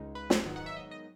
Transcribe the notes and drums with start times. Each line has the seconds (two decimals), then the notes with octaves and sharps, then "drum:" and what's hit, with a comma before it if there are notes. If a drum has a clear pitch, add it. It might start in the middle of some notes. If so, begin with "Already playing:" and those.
Already playing: C#2 C#3 G#3 D#4
0.15 B4
0.30 drum: snare
0.46 G#2 D#3 F#3 B3 D#4
0.56 F#5
0.66 E5
0.77 D#5
0.91 D#5